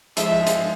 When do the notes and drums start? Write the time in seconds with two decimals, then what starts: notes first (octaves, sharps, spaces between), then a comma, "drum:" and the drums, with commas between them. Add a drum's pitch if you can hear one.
0.17 F3 G#3 E5, drum: hi-hat
0.31 F3 G#3
0.47 drum: hi-hat